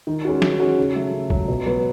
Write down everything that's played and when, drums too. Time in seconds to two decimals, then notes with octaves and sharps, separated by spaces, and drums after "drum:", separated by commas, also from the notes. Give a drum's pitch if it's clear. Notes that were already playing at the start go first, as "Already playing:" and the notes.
0.07 D#3
0.25 G#3 C#4 F#4
0.42 D#3, drum: snare
0.60 G#3 C#4 F#4
0.78 C#3
0.96 F#3 A3
1.13 C#3
1.30 F#3 A3, drum: kick
1.48 B2
1.66 F#3 B3 F#4 B4